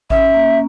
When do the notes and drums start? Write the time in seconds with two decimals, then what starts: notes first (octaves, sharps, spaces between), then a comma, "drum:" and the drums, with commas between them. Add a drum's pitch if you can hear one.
0.10 C#4 E5, drum: kick G#1
0.34 A#3